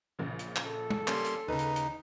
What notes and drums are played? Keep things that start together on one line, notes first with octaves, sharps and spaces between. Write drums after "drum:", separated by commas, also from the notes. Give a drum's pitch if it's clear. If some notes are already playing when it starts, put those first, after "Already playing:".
A#1 C#3
drum: hi-hat
drum: clap
A4
drum: tom
G3 A#3 C#4 C6, drum: clap
drum: hi-hat
D#2 C#3 D#4 B4
drum: hi-hat
drum: hi-hat